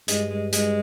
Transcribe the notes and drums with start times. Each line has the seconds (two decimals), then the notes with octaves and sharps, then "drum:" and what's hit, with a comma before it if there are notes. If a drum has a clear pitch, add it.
0.08 G2 G#3, drum: hi-hat
0.30 G#3
0.53 G#3, drum: hi-hat